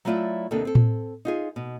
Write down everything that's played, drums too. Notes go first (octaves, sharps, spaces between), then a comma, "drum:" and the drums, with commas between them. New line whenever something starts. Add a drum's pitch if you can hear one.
F#3 A3 E4 F4 D5 E5
D#2 C3 A#3 B3 D4 A4
C4 A4
drum: tom A2
D#4 F4 G#4
B2